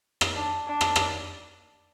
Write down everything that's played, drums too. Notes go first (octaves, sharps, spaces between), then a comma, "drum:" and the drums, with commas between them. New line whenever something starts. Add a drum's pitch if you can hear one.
drum: rim click
D4
D4
drum: rim click
drum: rim click